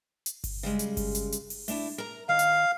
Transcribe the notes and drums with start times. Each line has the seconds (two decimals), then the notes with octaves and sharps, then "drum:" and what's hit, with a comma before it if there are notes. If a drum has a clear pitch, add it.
0.26 drum: hi-hat
0.44 drum: kick G1, open hi-hat
0.63 C#3 G3 G#3
0.79 drum: hi-hat
0.97 drum: kick G1, open hi-hat
1.15 drum: hi-hat
1.32 drum: hi-hat
1.50 drum: open hi-hat
1.68 A3 D4 E4, drum: open hi-hat
1.98 A#4 A#5
2.29 D#3 F5
2.39 drum: hi-hat